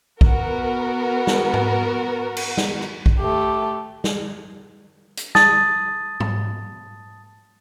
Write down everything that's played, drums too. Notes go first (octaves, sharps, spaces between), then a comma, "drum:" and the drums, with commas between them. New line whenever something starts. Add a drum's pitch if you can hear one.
B3 F#4 A#4, drum: kick A#1
drum: snare
drum: tom G#2
drum: cymbal
drum: snare
drum: rim click
drum: kick A#1
A3 G4
drum: snare
drum: hi-hat
A5 D#6 A6, drum: snare
drum: tom G#2